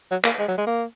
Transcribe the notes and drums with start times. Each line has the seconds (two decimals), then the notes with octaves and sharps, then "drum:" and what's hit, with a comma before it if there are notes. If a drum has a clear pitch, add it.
0.11 F#3
0.24 A#3, drum: clap
0.39 G#3
0.48 F#3
0.58 G#3
0.66 A#3